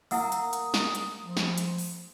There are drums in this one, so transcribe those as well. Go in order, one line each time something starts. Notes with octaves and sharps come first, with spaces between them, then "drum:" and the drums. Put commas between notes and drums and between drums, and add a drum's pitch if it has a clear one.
A#3 E4 F#5 D#6 E6, drum: open hi-hat
drum: hi-hat
drum: hi-hat
drum: snare
drum: hi-hat
F3
drum: snare
drum: hi-hat
drum: open hi-hat